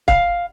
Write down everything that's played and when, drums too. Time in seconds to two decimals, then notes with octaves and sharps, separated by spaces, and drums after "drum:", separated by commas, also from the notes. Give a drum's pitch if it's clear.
0.08 F5, drum: kick C#1